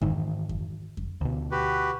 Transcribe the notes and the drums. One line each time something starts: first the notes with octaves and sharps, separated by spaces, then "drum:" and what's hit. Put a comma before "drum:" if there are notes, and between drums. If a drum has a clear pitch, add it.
G#2 D#3 E3, drum: kick F2
drum: kick F2
drum: kick F2
D2 B2
F#4 G4 B4